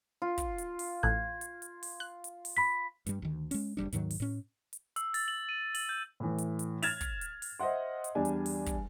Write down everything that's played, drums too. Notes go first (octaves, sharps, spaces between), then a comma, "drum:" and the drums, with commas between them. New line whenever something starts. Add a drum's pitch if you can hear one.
F4
drum: kick, hi-hat
drum: hi-hat
drum: open hi-hat
A1 A4 F#6 G#6
drum: hi-hat
drum: hi-hat
drum: open hi-hat
F#6
drum: hi-hat
drum: open hi-hat
B5 B6
G2 G3, drum: hi-hat
D2 D#3
G#3 C#4, drum: open hi-hat
F#1 C2 G3 D4
D#2 G#2 D#3 F#3, drum: hi-hat
drum: open hi-hat
A2 C#4
drum: hi-hat
E6, drum: hi-hat
A6, drum: open hi-hat
F#7
D#7
F#7, drum: open hi-hat
G6
A2 E3
drum: hi-hat
drum: hi-hat
F6 G#6 A6 E7 F7, drum: open hi-hat
drum: kick, hi-hat
drum: hi-hat
drum: open hi-hat
C5 D#5 E5 F#5 C6
drum: hi-hat
E2 G3 D4 G#5
drum: hi-hat
drum: open hi-hat
drum: kick, hi-hat